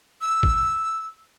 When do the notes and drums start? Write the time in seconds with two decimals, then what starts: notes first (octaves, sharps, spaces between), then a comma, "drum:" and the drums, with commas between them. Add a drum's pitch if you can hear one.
0.21 E6
0.43 drum: kick